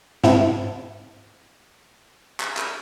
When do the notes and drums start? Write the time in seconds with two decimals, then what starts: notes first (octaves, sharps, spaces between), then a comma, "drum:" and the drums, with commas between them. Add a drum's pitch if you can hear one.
0.24 G#2 C4 E4 A5, drum: snare
2.40 drum: clap
2.57 drum: clap